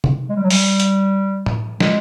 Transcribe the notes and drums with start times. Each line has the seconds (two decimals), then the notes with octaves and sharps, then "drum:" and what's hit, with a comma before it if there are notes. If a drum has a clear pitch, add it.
0.04 drum: tom C3
0.29 G#3
0.36 G3
0.43 F#3
0.50 G3, drum: open hi-hat
0.80 drum: hi-hat
1.46 drum: tom A2
1.80 G#3, drum: snare